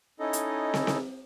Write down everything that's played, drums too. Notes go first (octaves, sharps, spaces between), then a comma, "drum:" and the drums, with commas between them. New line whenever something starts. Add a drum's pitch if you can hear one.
C#4 D#4 E4 A4 D#5
drum: hi-hat
drum: snare
drum: snare